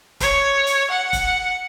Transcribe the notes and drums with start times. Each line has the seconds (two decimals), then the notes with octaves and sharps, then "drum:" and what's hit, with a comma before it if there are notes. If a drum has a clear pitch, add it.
0.20 C#5, drum: kick E1, hi-hat
0.67 drum: hi-hat
0.90 F#5
1.13 drum: kick E1, hi-hat